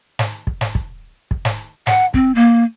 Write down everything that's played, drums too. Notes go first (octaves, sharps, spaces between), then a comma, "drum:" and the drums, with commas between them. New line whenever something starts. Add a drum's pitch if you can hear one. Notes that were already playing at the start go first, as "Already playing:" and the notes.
drum: snare
drum: kick
drum: snare
drum: kick
drum: kick
drum: snare
F#5, drum: snare
C4, drum: kick
A#3